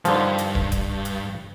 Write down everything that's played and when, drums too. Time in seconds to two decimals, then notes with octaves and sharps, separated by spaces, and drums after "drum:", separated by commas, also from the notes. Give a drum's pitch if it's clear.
0.05 G2 D3 D#3 F3, drum: hi-hat
0.38 drum: hi-hat
0.55 drum: kick
0.72 drum: kick, hi-hat
1.05 drum: hi-hat